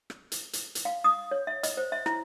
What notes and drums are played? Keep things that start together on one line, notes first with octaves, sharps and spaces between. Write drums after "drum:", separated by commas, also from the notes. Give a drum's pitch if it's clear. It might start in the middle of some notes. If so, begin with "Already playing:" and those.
drum: rim click
drum: hi-hat
drum: hi-hat
drum: hi-hat
F5
D#6
C#5
E5
D#5, drum: hi-hat
C5
E5
E4, drum: rim click